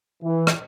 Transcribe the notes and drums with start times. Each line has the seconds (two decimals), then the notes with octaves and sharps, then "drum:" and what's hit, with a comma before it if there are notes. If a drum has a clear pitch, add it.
0.23 E3
0.47 drum: rim click